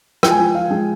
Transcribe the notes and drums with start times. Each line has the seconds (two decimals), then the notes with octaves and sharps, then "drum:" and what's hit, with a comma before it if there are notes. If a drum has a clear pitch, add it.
0.23 F3 G5, drum: rim click
0.31 G#5
0.39 F3 G5
0.55 F3 F5
0.70 G#3